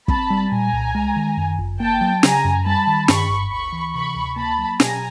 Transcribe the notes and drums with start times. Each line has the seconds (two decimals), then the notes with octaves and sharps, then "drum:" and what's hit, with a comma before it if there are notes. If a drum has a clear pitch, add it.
0.08 C4 A5 B5, drum: kick
0.30 G3
0.52 A#2 G#5 A#5
0.73 C2
0.95 G#3
1.16 D#3
1.37 F#2
1.59 G1
1.80 A#3 G5 A5
2.01 F#3
2.23 C#3 G#5 A#5, drum: snare
2.44 F#2
2.65 G3 A5 B5
2.87 D#3
3.08 G2 B5 C#6, drum: snare
3.30 G1
3.51 D2 B5 C#6
3.73 E3
3.94 C3 B5 C#6
4.15 D2
4.36 A#3 A5 B5
4.58 F#3
4.80 B2 G#5 A#5, drum: snare